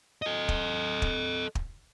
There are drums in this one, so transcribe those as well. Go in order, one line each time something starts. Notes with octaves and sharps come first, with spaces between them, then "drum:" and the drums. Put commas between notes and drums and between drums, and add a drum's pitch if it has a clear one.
A4 D#5
drum: kick
drum: kick
drum: kick